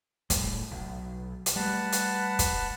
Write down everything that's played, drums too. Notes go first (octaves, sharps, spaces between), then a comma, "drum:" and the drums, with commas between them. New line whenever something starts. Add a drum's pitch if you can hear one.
A2 G3, drum: kick, hi-hat
B1
drum: hi-hat
G3 A3 B4 F#5 A5
drum: hi-hat
drum: kick, hi-hat